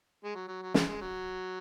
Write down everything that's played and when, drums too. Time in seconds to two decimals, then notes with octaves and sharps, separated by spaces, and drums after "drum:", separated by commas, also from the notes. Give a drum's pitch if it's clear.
0.25 G#3
0.35 F#3
0.48 F#3
0.62 F#3
0.74 G#3, drum: snare
0.88 G#3
1.01 F#3